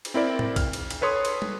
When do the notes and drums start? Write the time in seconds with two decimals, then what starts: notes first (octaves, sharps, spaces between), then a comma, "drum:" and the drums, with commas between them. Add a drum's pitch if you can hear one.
0.05 drum: cymbal
0.14 C4 E4 A#4 D5
0.39 drum: tom
0.56 F6, drum: kick, cymbal
0.73 drum: cymbal
0.90 drum: cymbal
1.01 A4 B4 C#5 C6 D#6
1.25 drum: cymbal
1.42 drum: tom